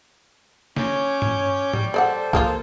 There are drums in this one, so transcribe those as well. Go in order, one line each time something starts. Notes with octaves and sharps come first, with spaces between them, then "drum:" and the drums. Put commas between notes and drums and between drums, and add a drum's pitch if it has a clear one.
C#4 C#5 D6 G6, drum: snare
drum: tom
G3, drum: tom G#2
A4 C5 D5 E5 F#5
F3 A#3 F4, drum: kick